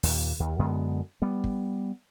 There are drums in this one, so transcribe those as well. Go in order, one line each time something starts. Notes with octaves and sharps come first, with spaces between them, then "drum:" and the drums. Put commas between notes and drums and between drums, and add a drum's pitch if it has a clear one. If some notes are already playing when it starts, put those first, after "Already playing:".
D#2 A#2, drum: open hi-hat
D#2
F#2 D3 G#3 B3
G3 B3
drum: kick